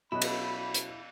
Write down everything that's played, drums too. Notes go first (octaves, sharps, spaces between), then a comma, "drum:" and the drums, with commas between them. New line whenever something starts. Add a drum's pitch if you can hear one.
B2 F#3 C#4 E4 A4 D#5 B5 F#6
drum: cymbal
drum: hi-hat